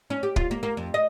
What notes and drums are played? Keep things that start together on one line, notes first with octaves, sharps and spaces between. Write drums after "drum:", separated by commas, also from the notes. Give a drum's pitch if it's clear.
C#4
G4
F4, drum: kick
A#3
A#3
F2
D#5